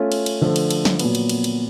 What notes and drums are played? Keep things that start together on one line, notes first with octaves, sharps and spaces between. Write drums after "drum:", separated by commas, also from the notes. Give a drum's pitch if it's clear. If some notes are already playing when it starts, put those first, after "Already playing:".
Already playing: A3 C#4 F4
drum: cymbal
drum: cymbal
D3 F3 A3
drum: cymbal
drum: cymbal
drum: snare
A#2 F#3 B3, drum: cymbal
drum: cymbal
drum: cymbal
drum: cymbal